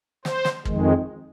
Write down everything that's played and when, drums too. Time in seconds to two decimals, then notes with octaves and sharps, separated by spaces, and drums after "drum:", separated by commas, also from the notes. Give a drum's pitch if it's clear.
0.25 C5, drum: snare
0.45 drum: snare
0.65 F2 D#3 G#3, drum: kick